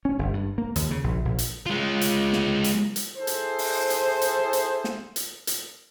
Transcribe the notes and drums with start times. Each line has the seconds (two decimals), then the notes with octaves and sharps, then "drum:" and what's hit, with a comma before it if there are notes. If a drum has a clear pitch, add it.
0.05 C#4
0.19 G1
0.33 G2
0.58 A#3
0.76 D#2, drum: hi-hat
0.91 C#3
1.04 A#1
1.25 A#1
1.38 drum: hi-hat
1.66 G#3 F4
2.01 drum: hi-hat
2.33 drum: snare
2.64 drum: hi-hat
2.96 drum: hi-hat
3.18 E4 G#4 A4 C5
3.27 drum: hi-hat
3.59 drum: open hi-hat
3.90 drum: hi-hat
4.21 drum: hi-hat
4.53 drum: hi-hat
4.84 drum: snare
5.16 drum: hi-hat
5.47 drum: hi-hat